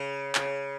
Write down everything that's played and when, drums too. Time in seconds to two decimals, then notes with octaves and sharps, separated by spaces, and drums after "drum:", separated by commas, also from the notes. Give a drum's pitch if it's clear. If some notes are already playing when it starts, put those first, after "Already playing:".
Already playing: C#3
0.35 C#3, drum: clap